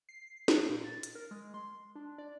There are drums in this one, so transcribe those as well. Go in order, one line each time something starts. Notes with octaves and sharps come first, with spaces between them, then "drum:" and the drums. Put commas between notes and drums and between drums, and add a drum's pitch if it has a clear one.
C7
drum: snare
A#2
A6
drum: hi-hat
A#4
G#3
C6
D4
D5